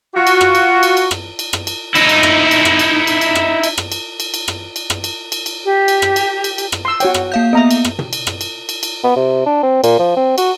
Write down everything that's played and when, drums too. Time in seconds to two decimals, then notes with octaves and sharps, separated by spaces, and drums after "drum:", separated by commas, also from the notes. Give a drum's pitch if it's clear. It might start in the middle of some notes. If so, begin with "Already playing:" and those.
0.16 F4 F#4
0.27 drum: cymbal
0.41 drum: rim click
0.55 drum: cymbal
0.83 drum: cymbal
0.97 drum: cymbal
1.11 drum: rim click
1.39 drum: cymbal
1.53 drum: rim click
1.67 drum: cymbal
1.95 D#4 E4, drum: cymbal
2.09 drum: cymbal
2.23 drum: rim click
2.51 drum: cymbal
2.65 drum: rim click
2.79 drum: cymbal
3.07 drum: cymbal
3.21 drum: cymbal
3.35 drum: rim click
3.64 drum: cymbal
3.78 drum: rim click
3.92 drum: cymbal
4.20 drum: cymbal
4.34 drum: cymbal
4.48 drum: rim click
4.76 drum: cymbal
4.90 drum: rim click
5.04 drum: cymbal
5.32 drum: cymbal
5.46 drum: cymbal
5.65 G4
5.88 drum: cymbal
6.02 drum: rim click
6.16 drum: cymbal
6.44 drum: cymbal
6.58 drum: cymbal
6.72 drum: rim click
6.85 C6 E6
7.00 F#4 C#5 G5, drum: cymbal
7.14 drum: rim click
7.32 A#3 F5 G6
7.53 B3 D#5 E5 A#5
7.71 drum: cymbal
7.85 drum: rim click
7.99 drum: tom
8.13 drum: cymbal
8.27 drum: rim click
8.41 drum: cymbal
8.69 drum: cymbal
8.83 drum: cymbal
9.04 B3
9.16 C3
9.46 D4
9.63 C4
9.84 A#2, drum: cymbal
9.99 F3
10.17 C4
10.38 F#4, drum: cymbal